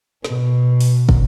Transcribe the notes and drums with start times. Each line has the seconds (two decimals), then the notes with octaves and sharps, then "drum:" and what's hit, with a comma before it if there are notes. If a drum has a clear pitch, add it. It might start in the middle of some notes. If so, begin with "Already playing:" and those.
0.25 B2, drum: snare
0.81 drum: open hi-hat
1.09 drum: kick